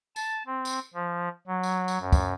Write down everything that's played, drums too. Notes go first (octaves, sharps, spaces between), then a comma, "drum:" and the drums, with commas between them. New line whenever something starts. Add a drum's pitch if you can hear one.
A5, drum: tambourine
C4
drum: tambourine
F3
F#3
drum: tambourine
drum: tambourine
F#2
drum: kick, tambourine